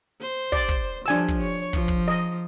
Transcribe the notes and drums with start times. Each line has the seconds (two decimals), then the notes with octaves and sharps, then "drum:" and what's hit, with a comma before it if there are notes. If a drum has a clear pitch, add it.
0.20 C5
0.52 D5, drum: kick, hi-hat
0.69 drum: kick
0.84 drum: hi-hat
1.06 F3 G3 D4 G#5 E6
1.28 drum: kick, hi-hat
1.40 C#5, drum: hi-hat
1.58 drum: hi-hat
1.73 F3, drum: kick, hi-hat
1.88 drum: kick, hi-hat
2.08 D#5